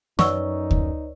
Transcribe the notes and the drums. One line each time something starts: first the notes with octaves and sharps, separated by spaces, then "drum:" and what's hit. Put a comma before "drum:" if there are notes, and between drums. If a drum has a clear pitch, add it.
F#2 D#4 B4 C#5 D5 C#6 E6, drum: snare
drum: kick D2